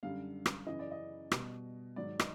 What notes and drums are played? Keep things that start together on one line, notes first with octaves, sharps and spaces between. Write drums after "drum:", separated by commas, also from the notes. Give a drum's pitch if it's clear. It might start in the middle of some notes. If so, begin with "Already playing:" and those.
F#2 D3 G3 F5
drum: rim click
F#2 C#3 E3 D#5
D5
D#5
B2 G3, drum: rim click
G#2 D#3 F#3 D5
D#5, drum: rim click